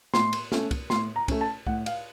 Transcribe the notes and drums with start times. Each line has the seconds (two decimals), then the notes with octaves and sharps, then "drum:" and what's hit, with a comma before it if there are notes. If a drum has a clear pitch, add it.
0.14 A2 C6, drum: snare
0.33 drum: cymbal
0.52 A3 C#4, drum: snare
0.71 drum: kick, cymbal
0.90 A2 C6, drum: snare
1.16 A#5
1.28 A3 C#4, drum: kick, cymbal
1.41 A5
1.67 A2 F#5, drum: kick
1.86 F5, drum: cymbal